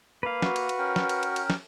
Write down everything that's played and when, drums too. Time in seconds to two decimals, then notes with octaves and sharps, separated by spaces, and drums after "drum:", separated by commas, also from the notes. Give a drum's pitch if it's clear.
0.23 A#3 B4 F5
0.42 F#4, drum: snare
0.56 drum: cymbal
0.69 drum: cymbal
0.78 C#4 A#4 G5
0.96 drum: snare
1.09 drum: cymbal
1.23 drum: cymbal
1.36 drum: cymbal
1.50 drum: snare